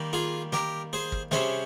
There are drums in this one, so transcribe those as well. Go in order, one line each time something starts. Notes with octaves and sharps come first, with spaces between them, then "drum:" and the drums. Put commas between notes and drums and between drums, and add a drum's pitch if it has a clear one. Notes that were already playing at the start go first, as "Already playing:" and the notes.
Already playing: D#3 G3 A#3
F4 G#4
G4 A#4, drum: snare
G#4 C5
drum: kick
C3 G3 C#4 G#4 C5, drum: snare